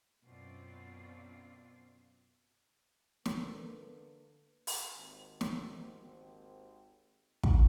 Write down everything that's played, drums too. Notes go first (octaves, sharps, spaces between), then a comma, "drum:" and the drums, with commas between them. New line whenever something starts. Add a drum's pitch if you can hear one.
F#2 B2 F#3 C4 F4 D5
D3 A#3 B4, drum: snare
drum: open hi-hat
G#1 D#2 C4
drum: snare
drum: kick